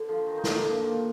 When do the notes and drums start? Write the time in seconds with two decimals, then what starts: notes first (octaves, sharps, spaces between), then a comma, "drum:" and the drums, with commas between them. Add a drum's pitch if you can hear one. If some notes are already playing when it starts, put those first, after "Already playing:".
Already playing: D3
0.09 F3
0.26 D#3
0.38 D#4
0.44 D3 D4, drum: snare
0.58 A#2 A#3
0.71 F3
0.84 D#3